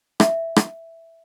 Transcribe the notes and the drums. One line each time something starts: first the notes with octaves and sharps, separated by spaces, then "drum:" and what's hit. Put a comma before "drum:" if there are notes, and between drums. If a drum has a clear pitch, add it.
E5, drum: rim click
drum: rim click